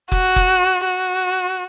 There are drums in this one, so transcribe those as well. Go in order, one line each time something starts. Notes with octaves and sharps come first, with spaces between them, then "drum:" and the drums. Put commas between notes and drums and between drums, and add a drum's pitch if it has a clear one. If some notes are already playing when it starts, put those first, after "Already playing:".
F#4, drum: kick F1
drum: kick F1
F#4